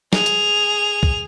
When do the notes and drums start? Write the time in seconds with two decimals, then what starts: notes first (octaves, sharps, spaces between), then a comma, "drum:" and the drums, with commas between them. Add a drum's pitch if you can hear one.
0.13 G#4 F7, drum: snare
0.26 drum: hi-hat
1.03 drum: kick